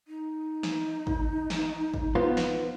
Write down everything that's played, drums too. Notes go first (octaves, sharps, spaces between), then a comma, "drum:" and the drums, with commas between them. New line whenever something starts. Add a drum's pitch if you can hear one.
D#4
drum: snare
drum: kick
drum: snare
drum: kick
B3 F4 C5
drum: snare